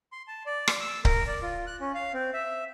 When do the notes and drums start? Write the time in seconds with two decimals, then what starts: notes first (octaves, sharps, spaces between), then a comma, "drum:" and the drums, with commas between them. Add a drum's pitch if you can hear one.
0.12 C6
0.28 A5
0.46 D5
0.68 drum: rim click
0.80 E6
1.05 A#4, drum: kick C#1
1.27 D5
1.42 F4
1.67 F#6
1.81 C#4
1.95 F5
2.14 C4
2.34 E5